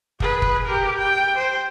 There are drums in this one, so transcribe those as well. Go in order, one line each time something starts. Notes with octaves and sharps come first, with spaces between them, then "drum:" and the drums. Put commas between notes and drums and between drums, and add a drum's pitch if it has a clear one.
G#4 B4, drum: kick
drum: kick
G4 A#4
G5
C5